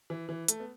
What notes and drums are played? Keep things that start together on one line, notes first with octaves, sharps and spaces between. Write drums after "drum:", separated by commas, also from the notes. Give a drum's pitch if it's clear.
E3
E3
A3, drum: hi-hat
B3